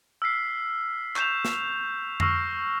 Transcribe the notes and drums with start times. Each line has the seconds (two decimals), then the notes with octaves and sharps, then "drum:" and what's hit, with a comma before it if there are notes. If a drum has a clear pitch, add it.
0.22 E6 F6 B6 C7
1.16 C#6 G6 E7 F7, drum: clap
1.45 drum: snare
2.20 C#6 E6 F6 A#6 C7, drum: tom F2